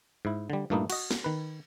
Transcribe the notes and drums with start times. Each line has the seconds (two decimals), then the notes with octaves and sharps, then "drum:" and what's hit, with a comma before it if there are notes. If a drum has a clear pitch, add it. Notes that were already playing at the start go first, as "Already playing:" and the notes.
0.25 G#2 E4
0.50 D3 G3
0.70 G2 A#2 A3 A#3 D#4 E4
0.90 F#4 D#5, drum: cymbal
1.11 drum: snare
1.24 D#3 B4